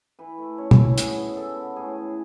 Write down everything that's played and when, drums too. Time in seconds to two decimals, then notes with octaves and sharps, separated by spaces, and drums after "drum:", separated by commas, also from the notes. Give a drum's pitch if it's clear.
0.19 E3 B4
0.38 A3
0.58 C#4 C#5
0.71 E4, drum: tom
0.78 A2
0.84 E4
0.98 B2 G#4, drum: hi-hat
1.17 B2
1.36 G#3 A4
1.56 B3
1.76 A2 G#4
1.95 E3